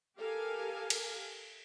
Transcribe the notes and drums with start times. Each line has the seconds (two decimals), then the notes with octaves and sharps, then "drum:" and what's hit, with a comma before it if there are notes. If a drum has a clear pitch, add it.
0.18 G4 A4 A#4 F5 G#5
0.90 drum: cymbal